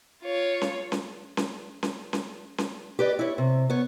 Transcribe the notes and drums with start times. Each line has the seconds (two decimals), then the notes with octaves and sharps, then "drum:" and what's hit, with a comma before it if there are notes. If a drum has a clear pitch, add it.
0.23 F4 C#5
0.61 drum: snare C#4
0.92 drum: snare C#4
1.37 drum: snare C#4
1.83 drum: snare C#4
2.13 drum: snare C#4
2.58 drum: snare C#4
2.99 G4 B4 D5 D#5
3.19 E4 C#5
3.38 C3
3.70 B3 C#5